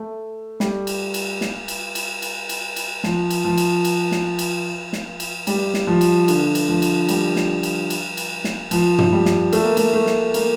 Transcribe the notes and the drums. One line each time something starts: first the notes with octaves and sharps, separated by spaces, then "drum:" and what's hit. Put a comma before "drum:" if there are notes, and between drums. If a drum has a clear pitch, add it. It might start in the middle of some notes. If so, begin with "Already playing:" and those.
Already playing: A3
G3, drum: snare
drum: cymbal
drum: cymbal
drum: snare
drum: cymbal
drum: cymbal
drum: cymbal
drum: cymbal
drum: cymbal
F3, drum: snare
drum: cymbal
F3
drum: cymbal
drum: cymbal
drum: snare
drum: cymbal
drum: snare
drum: cymbal
G3, drum: cymbal
drum: snare
F3
drum: cymbal
D3, drum: cymbal
drum: cymbal
F3
drum: cymbal
G3, drum: cymbal
drum: snare
drum: cymbal
drum: cymbal
drum: cymbal
drum: snare
F3, drum: cymbal
drum: tom
G3
drum: snare
A3, drum: cymbal
A#3
A3, drum: cymbal
A3
drum: snare
A#3, drum: cymbal